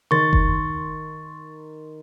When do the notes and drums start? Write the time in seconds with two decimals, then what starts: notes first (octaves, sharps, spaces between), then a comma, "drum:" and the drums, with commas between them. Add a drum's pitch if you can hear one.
0.11 D#3 A#4 C6 C#6 A6
0.33 drum: kick F#1